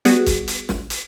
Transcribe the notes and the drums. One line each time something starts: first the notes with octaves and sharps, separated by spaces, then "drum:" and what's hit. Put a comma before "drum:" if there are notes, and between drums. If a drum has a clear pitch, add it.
G3 B3 F#4 G#4, drum: hi-hat
drum: kick, hi-hat
drum: hi-hat
drum: snare
drum: hi-hat